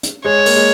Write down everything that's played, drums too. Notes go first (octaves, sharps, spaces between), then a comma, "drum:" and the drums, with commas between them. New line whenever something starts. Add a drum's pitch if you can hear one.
drum: hi-hat
G#3 C#5
A#3, drum: open hi-hat
G#3